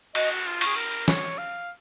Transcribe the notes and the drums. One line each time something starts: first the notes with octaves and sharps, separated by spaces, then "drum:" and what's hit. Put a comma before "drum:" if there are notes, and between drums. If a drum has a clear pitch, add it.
F#4 D#5, drum: cymbal
F4
G#4 C#6, drum: cymbal
A#4
C#5, drum: snare
F5